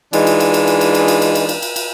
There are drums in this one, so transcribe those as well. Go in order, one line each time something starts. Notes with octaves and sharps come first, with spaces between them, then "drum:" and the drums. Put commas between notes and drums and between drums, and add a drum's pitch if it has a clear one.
E3 G#3 D4 D#4 F4, drum: cymbal
drum: cymbal
drum: cymbal
drum: cymbal
drum: cymbal
drum: cymbal
drum: cymbal
drum: cymbal
drum: cymbal
drum: cymbal
drum: cymbal
drum: cymbal
drum: cymbal